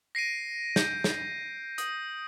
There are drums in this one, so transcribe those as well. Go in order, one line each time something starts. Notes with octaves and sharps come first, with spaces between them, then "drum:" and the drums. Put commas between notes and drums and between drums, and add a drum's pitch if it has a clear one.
A#6 C7 D7 D#7
G6, drum: snare
drum: snare
D#6, drum: hi-hat